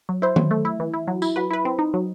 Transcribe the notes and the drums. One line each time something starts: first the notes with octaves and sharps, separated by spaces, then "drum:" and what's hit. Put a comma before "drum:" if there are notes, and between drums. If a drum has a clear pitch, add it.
F#3
E4 C5
F#3, drum: tom D#3
A3
E4
E3
E4
F#3
E4, drum: tambourine
F#3 B4
E4 B4
C4
D#4
F#3